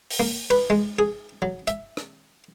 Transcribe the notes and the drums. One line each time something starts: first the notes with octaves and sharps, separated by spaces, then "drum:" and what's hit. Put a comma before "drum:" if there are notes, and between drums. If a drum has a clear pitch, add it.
drum: open hi-hat
A#3
B4, drum: cymbal
G#3
G#4
F#3
E5, drum: hi-hat
drum: rim click